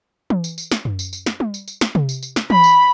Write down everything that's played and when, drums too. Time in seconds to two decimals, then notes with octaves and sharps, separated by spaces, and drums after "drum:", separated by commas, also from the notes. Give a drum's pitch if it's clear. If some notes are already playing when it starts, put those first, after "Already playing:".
0.30 drum: tom E3
0.44 drum: tambourine
0.58 drum: tambourine
0.72 drum: snare
0.85 drum: tom F#2
0.99 drum: tambourine
1.13 drum: tambourine
1.26 drum: snare
1.40 drum: tom G3
1.54 drum: tambourine
1.68 drum: tambourine
1.81 drum: snare
1.95 drum: tom C3
2.09 drum: tambourine
2.23 drum: tambourine
2.36 drum: snare
2.50 B5, drum: tom E3
2.64 drum: tambourine